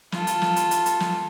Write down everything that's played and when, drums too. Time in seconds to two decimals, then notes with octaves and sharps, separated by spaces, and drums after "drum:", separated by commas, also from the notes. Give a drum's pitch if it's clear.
0.12 F4 A4, drum: snare
0.27 drum: hi-hat
0.42 drum: snare
0.56 drum: hi-hat
0.71 drum: hi-hat
0.86 drum: hi-hat
1.00 drum: snare